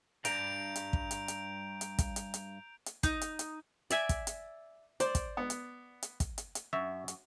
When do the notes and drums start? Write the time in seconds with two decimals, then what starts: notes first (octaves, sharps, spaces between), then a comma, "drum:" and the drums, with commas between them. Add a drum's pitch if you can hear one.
0.25 G2 A#5 G6 D7 F7, drum: hi-hat
0.76 drum: hi-hat
0.93 drum: kick
1.11 drum: hi-hat
1.28 drum: hi-hat
1.81 drum: hi-hat
1.98 drum: kick, hi-hat
2.16 drum: hi-hat
2.34 drum: hi-hat
2.86 drum: hi-hat
3.03 D#4, drum: kick, hi-hat
3.21 drum: hi-hat
3.39 drum: hi-hat
3.90 D5 E5 G#5, drum: hi-hat
4.09 drum: kick, hi-hat
4.27 drum: hi-hat
5.00 C5 D5, drum: hi-hat
5.15 drum: kick, hi-hat
5.37 B3
5.50 drum: hi-hat
6.03 drum: hi-hat
6.20 drum: kick, hi-hat
6.38 drum: hi-hat
6.55 drum: hi-hat
6.73 F#2 E5
7.08 drum: hi-hat